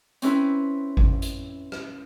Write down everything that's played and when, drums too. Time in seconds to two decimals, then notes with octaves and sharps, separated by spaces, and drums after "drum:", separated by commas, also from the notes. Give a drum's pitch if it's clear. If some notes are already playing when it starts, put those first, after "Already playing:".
0.22 C4 C#4 E4 B4, drum: hi-hat
0.97 drum: kick G#1
1.22 drum: hi-hat
1.72 drum: rim click